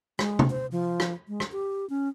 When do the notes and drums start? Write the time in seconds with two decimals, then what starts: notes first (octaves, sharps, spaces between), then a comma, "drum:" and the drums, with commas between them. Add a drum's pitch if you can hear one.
0.19 G#3, drum: rim click
0.39 drum: tom C3
0.50 C5
0.72 F3
1.00 drum: rim click
1.28 G#3
1.40 drum: rim click
1.52 G4
1.90 C#4